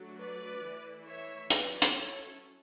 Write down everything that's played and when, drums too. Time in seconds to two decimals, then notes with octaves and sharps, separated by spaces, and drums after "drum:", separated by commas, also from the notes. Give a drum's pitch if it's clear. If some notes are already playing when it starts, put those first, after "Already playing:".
Already playing: F#3 A3 D4
0.18 B4 D5
0.62 E3 A3 E4
1.06 C#5 E5
1.50 F#3 C#4 E4 B4 D5, drum: hi-hat
1.82 drum: hi-hat
1.96 A4 C#5